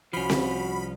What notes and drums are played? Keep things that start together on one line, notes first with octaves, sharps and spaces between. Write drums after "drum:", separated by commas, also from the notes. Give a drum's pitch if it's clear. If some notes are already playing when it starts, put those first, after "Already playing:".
C2 F3 C#4 F4 F#4 B5
drum: snare C4